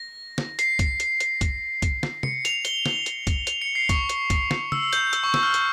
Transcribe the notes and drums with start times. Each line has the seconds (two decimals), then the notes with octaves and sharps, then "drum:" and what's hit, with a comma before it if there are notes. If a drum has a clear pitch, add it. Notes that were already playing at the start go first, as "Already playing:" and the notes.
Already playing: A#6
0.38 drum: snare
0.59 C7, drum: hi-hat
0.79 drum: kick, hi-hat
1.00 drum: hi-hat
1.20 drum: hi-hat
1.41 drum: kick, hi-hat
1.82 drum: kick, hi-hat
2.03 drum: snare
2.23 C#7, drum: tom
2.45 F7, drum: hi-hat
2.65 G7, drum: hi-hat
2.86 drum: snare
3.06 drum: hi-hat
3.27 drum: kick, hi-hat
3.47 F7, drum: hi-hat
3.62 C#7
3.75 C7
3.89 C#6, drum: kick, hi-hat
4.09 drum: hi-hat
4.30 drum: kick, hi-hat
4.51 drum: snare
4.72 E6, drum: tom
4.93 G6, drum: hi-hat
5.13 E6, drum: hi-hat
5.24 C#6
5.34 E6, drum: snare
5.43 F6
5.54 drum: hi-hat